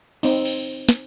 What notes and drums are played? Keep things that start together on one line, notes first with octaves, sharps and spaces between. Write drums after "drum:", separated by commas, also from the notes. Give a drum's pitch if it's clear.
C4 D#4, drum: cymbal
drum: cymbal
drum: snare